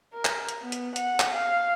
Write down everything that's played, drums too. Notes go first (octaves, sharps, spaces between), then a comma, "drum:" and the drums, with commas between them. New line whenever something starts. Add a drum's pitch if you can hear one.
A#4
drum: clap
drum: hi-hat
B3
drum: hi-hat
F#5, drum: hi-hat
drum: clap
F5